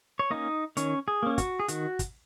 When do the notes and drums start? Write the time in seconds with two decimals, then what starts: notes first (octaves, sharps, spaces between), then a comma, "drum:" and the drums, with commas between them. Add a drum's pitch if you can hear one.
0.19 C#5
0.30 A#3 C#4 D#4 D#5
0.77 D#3 C#4 C#5, drum: hi-hat
1.08 G#4
1.23 A#3 C#4
1.38 F#4, drum: kick, hi-hat
1.60 G#4
1.68 D#3 F#4, drum: hi-hat
1.99 drum: kick, hi-hat